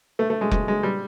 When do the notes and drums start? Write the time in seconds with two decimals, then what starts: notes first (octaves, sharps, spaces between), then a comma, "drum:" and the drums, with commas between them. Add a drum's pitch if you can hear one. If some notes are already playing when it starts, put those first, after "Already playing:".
0.19 A3
0.30 A3
0.41 G#3
0.51 G#3, drum: kick F1
0.68 G#3
0.83 G3